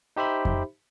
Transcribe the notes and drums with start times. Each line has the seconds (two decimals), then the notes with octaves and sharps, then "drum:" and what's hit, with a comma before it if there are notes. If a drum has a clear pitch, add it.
0.16 D#4 G4 C5 E5 B5
0.45 drum: kick F2